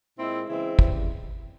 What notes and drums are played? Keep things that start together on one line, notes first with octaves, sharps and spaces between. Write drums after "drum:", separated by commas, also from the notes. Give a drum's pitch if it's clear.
A#2 G#3 C4 E4
C#3 E3 G#3 C4 E4
C#3 E3 G3, drum: kick